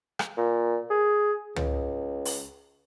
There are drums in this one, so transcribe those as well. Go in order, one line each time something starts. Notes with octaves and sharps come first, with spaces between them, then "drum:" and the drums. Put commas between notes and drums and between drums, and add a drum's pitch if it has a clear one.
drum: rim click
A#2
G#4
C#2, drum: tom
drum: open hi-hat